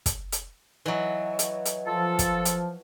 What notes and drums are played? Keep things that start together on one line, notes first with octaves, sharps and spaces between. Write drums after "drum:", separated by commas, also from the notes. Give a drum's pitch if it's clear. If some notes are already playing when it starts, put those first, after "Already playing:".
drum: kick, hi-hat
drum: hi-hat
E3 F#3 B4 D#5
drum: hi-hat
drum: hi-hat
F3 F4 A4 A5
drum: kick, hi-hat
drum: hi-hat